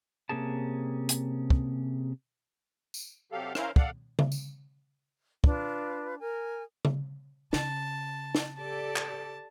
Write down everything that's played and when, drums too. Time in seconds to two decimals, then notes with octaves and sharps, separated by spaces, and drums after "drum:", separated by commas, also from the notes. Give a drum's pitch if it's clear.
0.29 C3 F3 A#3 C#4 G#4 A5
1.09 drum: hi-hat
1.50 drum: kick
2.94 drum: tambourine
3.32 C3 F#3 G4 A4 F5
3.55 C#4 E4 A#4 C5 F5, drum: rim click
3.76 A4 D5 F5 F#5, drum: kick
4.19 drum: tom C#3
4.32 drum: tambourine
5.44 D4 F4 B4, drum: kick
6.19 A#4 G#5
6.85 drum: tom C#3
7.53 C#3 A5, drum: snare
8.35 drum: snare
8.58 G4 A4 D5 A5
8.96 drum: clap